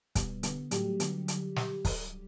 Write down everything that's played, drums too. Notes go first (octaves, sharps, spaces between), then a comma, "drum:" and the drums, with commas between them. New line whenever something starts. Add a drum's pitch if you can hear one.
B2 G3 B3, drum: kick, hi-hat
D3 G3 B3, drum: hi-hat
A2 F#3 G3 A3 G4, drum: hi-hat
D3 F#3 B3, drum: hi-hat
drum: hi-hat
drum: snare
drum: kick, open hi-hat